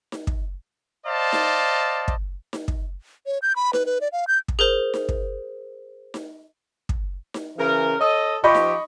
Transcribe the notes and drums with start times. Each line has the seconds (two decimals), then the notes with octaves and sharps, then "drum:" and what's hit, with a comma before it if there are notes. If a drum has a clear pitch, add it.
0.12 drum: snare D#4
0.27 drum: kick
1.07 C5 D5 D#5 F5 A5
1.32 drum: snare D#4
2.08 drum: kick
2.53 drum: snare D#4
2.68 drum: kick
3.26 C#5
3.42 G6
3.56 B5
3.73 B4, drum: snare D#4
3.86 B4
4.01 D5
4.12 F5
4.28 G6
4.48 drum: kick
4.59 G#4 A#4 C5
4.94 drum: snare D#4
5.09 drum: kick
6.14 drum: snare D#4
6.89 drum: kick
7.34 drum: snare D#4
7.58 C#3 E3 A#4
8.00 A4 C#5 D#5
8.44 F3 G4 D#5 B5 C#6
8.55 drum: snare D#4